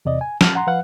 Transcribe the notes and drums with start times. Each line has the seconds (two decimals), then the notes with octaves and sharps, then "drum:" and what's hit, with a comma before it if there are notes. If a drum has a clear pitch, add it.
0.05 E2 C3 D5 D#5
0.21 G#5
0.41 A5 F6, drum: snare
0.55 F#5 A#5 C6
0.67 F3 B4 F5 F#5 F#6